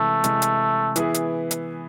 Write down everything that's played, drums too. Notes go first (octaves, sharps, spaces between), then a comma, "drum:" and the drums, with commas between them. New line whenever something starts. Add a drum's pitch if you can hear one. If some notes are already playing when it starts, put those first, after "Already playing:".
Already playing: C3 E3 G#3 A3
C3 E3 G#3, drum: hi-hat
drum: hi-hat
E3 B3 E4 G#4, drum: hi-hat
drum: hi-hat
drum: hi-hat